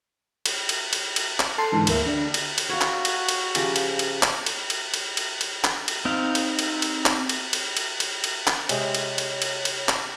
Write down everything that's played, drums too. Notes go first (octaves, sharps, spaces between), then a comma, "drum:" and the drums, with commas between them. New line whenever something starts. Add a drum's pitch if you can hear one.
drum: cymbal
drum: cymbal
drum: cymbal
drum: cymbal
drum: clap
A4 A5 C6 C7
G#2 D3 E3
D2 A#3 E5, drum: cymbal
D3 D4
drum: cymbal
drum: cymbal
F#4 C#5 F5
drum: clap
drum: cymbal
drum: cymbal
C#3 F3 G4, drum: cymbal
drum: cymbal
drum: cymbal
drum: clap
drum: cymbal
drum: cymbal
drum: cymbal
drum: cymbal
drum: cymbal
drum: clap
drum: cymbal
C4 D#4 F5
drum: cymbal
drum: cymbal
drum: cymbal
drum: clap
drum: cymbal
drum: cymbal
drum: cymbal
drum: cymbal
drum: cymbal
drum: clap
C3 G#3 C#5, drum: cymbal
drum: cymbal
drum: cymbal
drum: cymbal
drum: cymbal
drum: clap